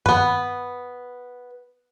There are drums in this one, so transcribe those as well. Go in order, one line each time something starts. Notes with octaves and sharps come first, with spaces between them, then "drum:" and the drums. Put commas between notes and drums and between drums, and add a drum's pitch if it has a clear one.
B3 B4, drum: tom G2